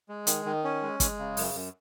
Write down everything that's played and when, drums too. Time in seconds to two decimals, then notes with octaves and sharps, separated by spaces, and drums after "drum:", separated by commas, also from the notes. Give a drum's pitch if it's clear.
0.09 G#3
0.27 D#3, drum: hi-hat
0.45 D#3
0.64 C#4
0.82 G#3
1.00 G#3, drum: kick, hi-hat
1.19 C#3
1.37 F#2, drum: open hi-hat
1.54 F#2